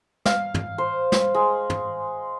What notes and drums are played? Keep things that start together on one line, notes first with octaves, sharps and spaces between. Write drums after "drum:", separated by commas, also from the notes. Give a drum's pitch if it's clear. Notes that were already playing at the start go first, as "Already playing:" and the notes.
F5, drum: snare
drum: tom
C5
drum: snare
G#3
drum: tom